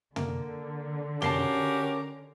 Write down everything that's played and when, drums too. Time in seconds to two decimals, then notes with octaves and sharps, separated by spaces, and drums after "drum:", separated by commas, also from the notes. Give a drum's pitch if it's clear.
0.16 D3 A#3, drum: tom
1.22 C#4 F#4 G4 A#4 A5 C7 G7, drum: tom